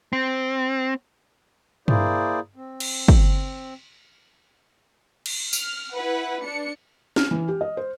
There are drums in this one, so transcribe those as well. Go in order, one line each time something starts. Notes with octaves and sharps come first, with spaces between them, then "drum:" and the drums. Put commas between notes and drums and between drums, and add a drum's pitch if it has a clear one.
C4
A#3 E4 G#4 C5 D5, drum: tom G2
C4
drum: cymbal
drum: kick
drum: cymbal
F6, drum: tambourine
E4 B4 F#5
D4 C#7
F6, drum: snare
E3
G4
D#5
C5